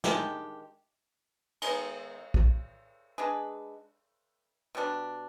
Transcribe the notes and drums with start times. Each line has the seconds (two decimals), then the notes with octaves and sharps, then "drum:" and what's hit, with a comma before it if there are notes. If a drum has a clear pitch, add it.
0.04 D#3 G#3 D4 G4, drum: snare
1.62 D#3 G#3 B3 D#4, drum: cymbal
2.34 drum: kick
3.18 G#3 D4 G#4 B4
4.75 B2 G3 D4